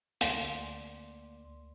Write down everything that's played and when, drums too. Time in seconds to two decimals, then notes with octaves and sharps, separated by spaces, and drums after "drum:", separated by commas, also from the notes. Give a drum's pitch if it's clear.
0.21 D2 A#3 D5 C6, drum: hi-hat